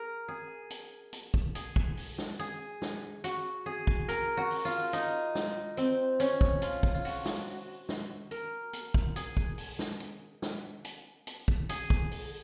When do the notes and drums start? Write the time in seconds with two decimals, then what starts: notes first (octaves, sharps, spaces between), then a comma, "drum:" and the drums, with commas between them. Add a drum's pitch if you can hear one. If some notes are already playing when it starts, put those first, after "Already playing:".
Already playing: G#4 A#4
0.28 G#4
0.70 drum: hi-hat
1.13 drum: hi-hat
1.34 drum: kick
1.55 G#4, drum: hi-hat
1.76 drum: kick
1.97 drum: open hi-hat
2.18 drum: snare
2.39 G#4, drum: hi-hat
2.82 drum: snare
3.24 F#4, drum: hi-hat
3.66 G#4
3.87 drum: kick
4.08 A#4, drum: hi-hat
4.37 F#4
4.51 drum: open hi-hat
4.65 F4
4.93 D#4, drum: hi-hat
5.35 drum: snare
5.77 C4, drum: hi-hat
6.20 C#4, drum: hi-hat
6.41 drum: kick
6.62 F4, drum: hi-hat
6.83 drum: kick
6.94 F4
7.05 F#4, drum: open hi-hat
7.25 drum: snare
7.89 drum: snare
8.31 A#4, drum: hi-hat
8.73 drum: hi-hat
8.94 drum: kick
9.16 G#4, drum: hi-hat
9.37 drum: kick
9.58 drum: open hi-hat
9.79 drum: snare
10.00 drum: hi-hat
10.42 drum: snare
10.85 drum: hi-hat
11.27 drum: hi-hat
11.48 drum: kick
11.69 G#4, drum: hi-hat
11.90 drum: kick
12.11 drum: open hi-hat